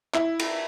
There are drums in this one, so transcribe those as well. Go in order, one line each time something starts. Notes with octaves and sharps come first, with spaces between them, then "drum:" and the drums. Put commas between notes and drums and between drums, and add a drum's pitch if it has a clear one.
E4, drum: clap
drum: cymbal